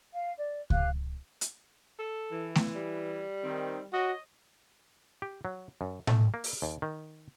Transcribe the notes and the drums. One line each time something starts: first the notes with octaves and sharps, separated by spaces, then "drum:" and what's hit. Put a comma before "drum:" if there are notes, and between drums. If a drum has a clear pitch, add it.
F5
D5
G4 F5 F#6, drum: kick C#2
drum: hi-hat
A4
E3
drum: snare A3
G3
D#3 C4
F#4 C#5 D#5
G4
F#3
F#2
A3, drum: tom A2
A#3
drum: open hi-hat
D#2
D#3